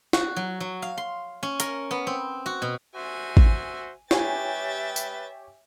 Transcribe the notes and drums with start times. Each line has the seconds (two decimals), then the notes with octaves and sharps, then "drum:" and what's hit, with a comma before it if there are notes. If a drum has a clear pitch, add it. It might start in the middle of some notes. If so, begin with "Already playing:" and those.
0.13 F#4, drum: snare
0.36 F#3
0.60 F#3
0.82 F5
0.98 C6
1.43 C#4
1.60 A#4, drum: hi-hat
1.91 B3
2.07 C4
2.46 F#4
2.62 B2
2.95 F#4 C5 E5 G#5
3.37 drum: kick G#1
4.11 G4 B4 C#5 E5 G5 G#5 A6, drum: snare
4.96 drum: tambourine